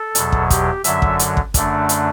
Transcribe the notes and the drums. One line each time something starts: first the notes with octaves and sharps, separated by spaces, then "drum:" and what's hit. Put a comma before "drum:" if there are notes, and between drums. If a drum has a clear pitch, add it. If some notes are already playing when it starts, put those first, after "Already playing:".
Already playing: A4
E2 B2 F#3, drum: hi-hat
drum: kick
G4, drum: kick, hi-hat
F#2 D3 F#3 E5, drum: hi-hat
drum: kick
drum: hi-hat
drum: kick
F#2 D3 A3 D4, drum: kick, hi-hat
drum: hi-hat